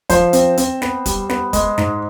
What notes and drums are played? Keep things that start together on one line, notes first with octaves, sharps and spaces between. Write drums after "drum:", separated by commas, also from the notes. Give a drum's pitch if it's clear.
F3 C5, drum: kick, hi-hat
C4, drum: hi-hat
C4, drum: hi-hat
B3, drum: snare
G3, drum: kick, hi-hat
B3, drum: snare
G#3, drum: kick, hi-hat
G#2, drum: snare